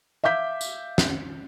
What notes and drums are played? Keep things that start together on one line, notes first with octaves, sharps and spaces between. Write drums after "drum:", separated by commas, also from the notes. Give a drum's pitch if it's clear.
E5 F5 D6 G6 B6
drum: tambourine
drum: snare